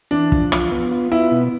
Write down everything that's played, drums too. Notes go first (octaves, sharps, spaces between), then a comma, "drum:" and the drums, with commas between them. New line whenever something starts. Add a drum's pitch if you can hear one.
E3 D4
F3, drum: kick
F4, drum: rim click
B3
F4
B3 E4
B2